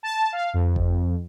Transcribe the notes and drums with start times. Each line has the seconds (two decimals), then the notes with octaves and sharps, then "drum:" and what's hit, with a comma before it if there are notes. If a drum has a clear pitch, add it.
0.03 A5
0.33 F5
0.54 F2
0.76 drum: kick F#1